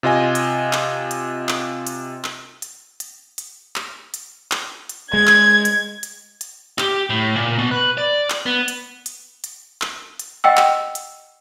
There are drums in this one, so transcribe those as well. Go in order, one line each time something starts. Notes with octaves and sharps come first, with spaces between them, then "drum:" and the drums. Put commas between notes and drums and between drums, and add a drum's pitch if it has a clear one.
C3 F4 D#5 G#5
drum: hi-hat
drum: clap
drum: hi-hat
drum: clap
drum: hi-hat
drum: clap
drum: hi-hat
drum: hi-hat
drum: hi-hat
drum: clap
drum: hi-hat
drum: clap
drum: hi-hat
G#3 G#6
drum: clap
drum: hi-hat
drum: hi-hat
drum: hi-hat
G4, drum: clap
A2
A#2
B2
B4
D5
drum: clap
B3
drum: hi-hat
drum: hi-hat
drum: hi-hat
drum: clap
drum: hi-hat
D#5 F#5 G5 E6
drum: clap
drum: hi-hat